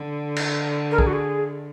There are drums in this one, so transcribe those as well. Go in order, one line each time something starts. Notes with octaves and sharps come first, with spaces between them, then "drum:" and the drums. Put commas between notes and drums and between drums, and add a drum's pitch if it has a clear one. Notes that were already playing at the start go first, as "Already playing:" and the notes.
Already playing: D3
drum: cymbal
A#4
G#4, drum: kick
F#4
G#4